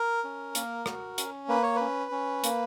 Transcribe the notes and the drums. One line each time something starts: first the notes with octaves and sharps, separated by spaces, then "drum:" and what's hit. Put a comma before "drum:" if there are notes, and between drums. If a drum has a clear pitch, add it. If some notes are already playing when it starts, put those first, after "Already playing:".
Already playing: A#4
C#4
A#3, drum: hi-hat
F#4, drum: rim click
C#4, drum: hi-hat
A#3 B4
C#5
C#4 B4
C#4
A#3, drum: hi-hat